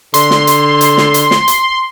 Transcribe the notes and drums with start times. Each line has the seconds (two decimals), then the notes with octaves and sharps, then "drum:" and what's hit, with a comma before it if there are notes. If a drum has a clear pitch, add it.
0.14 D3 C6, drum: hi-hat
0.31 drum: snare
0.47 drum: hi-hat
0.81 drum: hi-hat
0.97 drum: snare
1.14 drum: hi-hat
1.31 drum: snare
1.48 drum: hi-hat